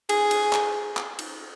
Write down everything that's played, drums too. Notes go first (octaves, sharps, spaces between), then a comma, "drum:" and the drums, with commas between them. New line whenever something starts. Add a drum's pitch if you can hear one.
G#4, drum: cymbal
drum: cymbal
drum: clap
drum: clap
drum: cymbal